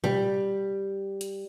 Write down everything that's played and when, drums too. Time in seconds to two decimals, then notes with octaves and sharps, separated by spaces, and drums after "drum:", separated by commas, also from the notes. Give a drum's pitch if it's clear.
0.04 G3, drum: tom A#2
1.21 drum: hi-hat